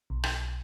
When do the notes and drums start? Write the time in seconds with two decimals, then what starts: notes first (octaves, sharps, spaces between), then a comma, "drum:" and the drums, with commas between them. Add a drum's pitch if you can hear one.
0.10 B1
0.23 drum: rim click